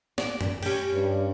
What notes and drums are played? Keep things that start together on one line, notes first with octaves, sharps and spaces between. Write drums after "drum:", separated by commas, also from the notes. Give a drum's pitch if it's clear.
D5, drum: snare
drum: tom F#2
C#4 G4, drum: cymbal
G2